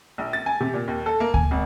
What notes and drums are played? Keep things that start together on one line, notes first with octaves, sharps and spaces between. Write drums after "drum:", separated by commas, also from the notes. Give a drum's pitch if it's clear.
A#1
A6
G#5
C3
A#2
D#2
A4
A#3
G#5, drum: kick D2
G#1